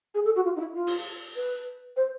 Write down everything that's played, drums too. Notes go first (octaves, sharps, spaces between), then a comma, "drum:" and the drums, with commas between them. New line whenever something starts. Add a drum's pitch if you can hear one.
G#4
A4
F#4
F4
D#4
E4
F4
drum: open hi-hat
B4
C5